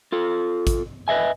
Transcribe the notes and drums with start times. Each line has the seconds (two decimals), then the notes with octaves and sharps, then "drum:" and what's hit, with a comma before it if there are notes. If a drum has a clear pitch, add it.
0.12 F4 A4
0.67 drum: kick G#1, hi-hat
1.08 B4 D#5 E5 G#5